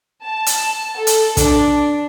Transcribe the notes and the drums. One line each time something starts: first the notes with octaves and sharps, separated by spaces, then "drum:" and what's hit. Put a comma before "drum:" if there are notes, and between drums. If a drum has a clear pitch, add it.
A5
drum: hi-hat
A4
drum: hi-hat
D4, drum: kick, hi-hat